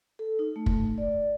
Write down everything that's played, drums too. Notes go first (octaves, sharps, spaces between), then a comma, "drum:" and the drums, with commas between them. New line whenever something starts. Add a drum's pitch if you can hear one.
A4
D#4
A3
drum: kick
D5